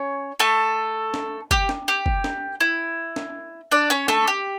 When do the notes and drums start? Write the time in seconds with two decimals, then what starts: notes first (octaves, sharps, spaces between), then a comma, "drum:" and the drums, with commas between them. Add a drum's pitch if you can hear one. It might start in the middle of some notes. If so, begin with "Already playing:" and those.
Already playing: C#4 C#5
0.39 A3 A4
1.14 drum: snare
1.51 G4, drum: kick
1.69 drum: snare
1.88 G4
2.06 drum: kick
2.24 drum: snare
2.60 E4
3.16 drum: snare
3.71 D4 D5
3.90 C#4 C#5
4.08 A3 A4, drum: snare
4.27 G4